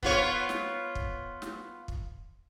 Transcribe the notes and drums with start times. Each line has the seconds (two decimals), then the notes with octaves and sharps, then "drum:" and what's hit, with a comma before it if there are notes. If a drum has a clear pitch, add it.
0.03 B3 F4 C#5, drum: kick
0.49 drum: snare
0.95 drum: kick
1.42 drum: snare
1.88 drum: kick